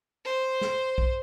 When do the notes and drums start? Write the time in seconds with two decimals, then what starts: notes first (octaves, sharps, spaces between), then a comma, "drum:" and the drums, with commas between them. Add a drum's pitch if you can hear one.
0.25 C5
0.61 drum: snare
0.98 drum: kick